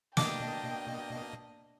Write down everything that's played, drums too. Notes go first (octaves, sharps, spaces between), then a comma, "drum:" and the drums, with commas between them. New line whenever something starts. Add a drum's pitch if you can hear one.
B2 A#3 D4 D#5 G5 D6, drum: snare